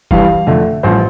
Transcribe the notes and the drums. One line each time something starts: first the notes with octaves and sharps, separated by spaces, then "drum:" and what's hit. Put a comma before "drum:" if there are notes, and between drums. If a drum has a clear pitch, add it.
G2 E3 G3 F5, drum: kick
F2 D3 F3 A3 E5
A1 G2 F3 C5